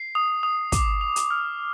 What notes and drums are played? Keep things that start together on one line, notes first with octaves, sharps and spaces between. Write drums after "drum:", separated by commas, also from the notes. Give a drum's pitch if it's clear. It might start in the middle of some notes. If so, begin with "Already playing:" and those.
Already playing: C7
D#6
D#6
D6, drum: kick, hi-hat
F7
drum: hi-hat
F6